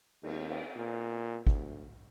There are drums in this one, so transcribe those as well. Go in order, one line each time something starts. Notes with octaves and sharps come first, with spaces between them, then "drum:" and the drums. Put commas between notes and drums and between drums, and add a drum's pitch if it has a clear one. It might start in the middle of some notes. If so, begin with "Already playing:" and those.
D#2, drum: cymbal
drum: cymbal
A#2
D2, drum: kick